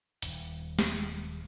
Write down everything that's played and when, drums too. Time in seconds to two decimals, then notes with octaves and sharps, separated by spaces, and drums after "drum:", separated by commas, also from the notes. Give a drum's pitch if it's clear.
0.22 D#1, drum: hi-hat
0.79 drum: snare